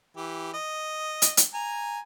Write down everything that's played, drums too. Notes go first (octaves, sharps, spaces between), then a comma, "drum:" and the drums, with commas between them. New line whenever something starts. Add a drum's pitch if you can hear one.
E3 G4
D#5
drum: hi-hat
drum: hi-hat
G#5 A#5